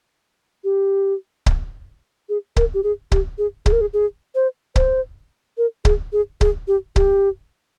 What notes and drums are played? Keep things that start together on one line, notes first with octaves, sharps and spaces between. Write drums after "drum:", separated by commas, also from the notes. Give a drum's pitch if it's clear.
G4
drum: kick C#1
G#4
A#4, drum: kick C#1
G4
G#4
G4, drum: kick C#1
G#4
G#4, drum: kick C#1
A#4
G#4
G#4
C5
C5, drum: kick C#1
A#4
G#4, drum: kick C#1
G#4
G#4, drum: kick C#1
G4
G4, drum: kick C#1